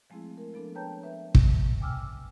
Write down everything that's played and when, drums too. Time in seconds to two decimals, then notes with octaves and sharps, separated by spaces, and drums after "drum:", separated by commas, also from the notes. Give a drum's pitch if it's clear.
0.10 F3 G#3 A3 C4 E4 G#4
0.38 A#4
0.54 F3 B3 D4 A4
0.75 B4 C#5 G5 A5 A#5 G6
1.03 B4 E5
1.35 drum: kick
1.81 G5 G#5 D6 E6 F6